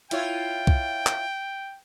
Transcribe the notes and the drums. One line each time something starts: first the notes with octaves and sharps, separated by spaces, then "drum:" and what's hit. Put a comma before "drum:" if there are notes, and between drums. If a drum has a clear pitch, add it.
E4 F4 C#5 G5, drum: hi-hat
drum: kick
drum: clap